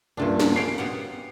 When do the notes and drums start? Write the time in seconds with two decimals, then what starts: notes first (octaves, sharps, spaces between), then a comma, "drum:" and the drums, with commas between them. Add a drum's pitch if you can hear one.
0.17 C#2 G2 A#2 F3 A3 D4
0.40 drum: snare
0.56 A#3 C#4 C7 D7
0.78 B2 G4 F#5